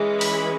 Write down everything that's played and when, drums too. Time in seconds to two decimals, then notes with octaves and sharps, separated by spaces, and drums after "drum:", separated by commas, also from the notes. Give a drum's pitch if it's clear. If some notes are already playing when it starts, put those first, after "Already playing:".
Already playing: E3 G#3 C#4
0.21 B5, drum: open hi-hat